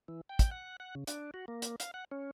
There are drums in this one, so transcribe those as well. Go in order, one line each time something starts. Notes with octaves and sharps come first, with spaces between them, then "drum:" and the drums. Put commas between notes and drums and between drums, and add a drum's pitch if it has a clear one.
E3
G5
drum: kick, hi-hat
F#5
F#5
C#3
D4, drum: hi-hat
F#4
A#3
drum: hi-hat
F5, drum: hi-hat
F#5
C#4